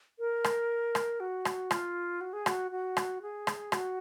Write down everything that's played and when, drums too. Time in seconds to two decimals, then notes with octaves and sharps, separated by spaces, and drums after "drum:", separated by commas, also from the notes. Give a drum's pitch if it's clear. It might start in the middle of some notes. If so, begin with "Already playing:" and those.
0.19 A#4
0.44 drum: rim click
0.95 drum: rim click
1.20 F#4
1.45 drum: rim click
1.71 F4, drum: rim click
2.21 F#4
2.33 G#4
2.46 F#4, drum: rim click
2.71 F#4
2.97 drum: rim click
3.22 G#4
3.47 drum: rim click
3.72 F#4, drum: rim click